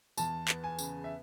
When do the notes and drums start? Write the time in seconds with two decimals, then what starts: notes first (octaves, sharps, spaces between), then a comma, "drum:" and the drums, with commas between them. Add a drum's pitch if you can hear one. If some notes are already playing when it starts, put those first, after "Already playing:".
0.17 E2 A5, drum: tambourine
0.48 B3, drum: clap
0.64 G#5
0.79 C#3, drum: tambourine
1.04 E5